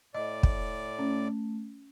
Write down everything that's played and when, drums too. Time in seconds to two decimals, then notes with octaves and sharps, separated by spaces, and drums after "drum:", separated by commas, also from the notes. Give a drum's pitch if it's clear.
0.14 A2 D5 D#5
0.43 drum: kick
0.99 A3 C#4